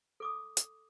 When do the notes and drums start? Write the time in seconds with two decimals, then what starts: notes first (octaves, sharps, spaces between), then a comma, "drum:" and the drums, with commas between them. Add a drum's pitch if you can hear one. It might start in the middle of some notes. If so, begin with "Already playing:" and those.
0.20 A4 D6 D#6
0.57 drum: hi-hat